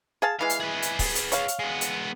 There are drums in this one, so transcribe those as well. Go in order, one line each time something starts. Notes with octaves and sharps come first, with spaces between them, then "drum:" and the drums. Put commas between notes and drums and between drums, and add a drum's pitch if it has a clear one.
G#4 F5 A5
E3 G#3 F5
drum: hi-hat
G#4 B4
drum: hi-hat
drum: kick C#1, open hi-hat
drum: hi-hat
C#5 F5, drum: hi-hat
drum: hi-hat
G#3 B3
drum: hi-hat